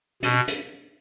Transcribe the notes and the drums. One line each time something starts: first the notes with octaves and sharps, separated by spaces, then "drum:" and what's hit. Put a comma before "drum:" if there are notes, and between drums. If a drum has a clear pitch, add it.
B2, drum: hi-hat
drum: hi-hat